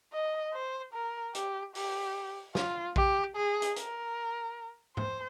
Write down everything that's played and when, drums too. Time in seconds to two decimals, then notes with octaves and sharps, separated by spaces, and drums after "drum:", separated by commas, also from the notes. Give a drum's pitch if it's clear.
0.13 D#5
0.53 C5
0.93 A#4
1.35 G4, drum: hi-hat
1.75 G4, drum: open hi-hat
2.55 F4, drum: snare
2.96 G4, drum: kick A#1
3.36 G#4
3.62 drum: hi-hat
3.76 A#4, drum: hi-hat
4.97 C5, drum: tom G#2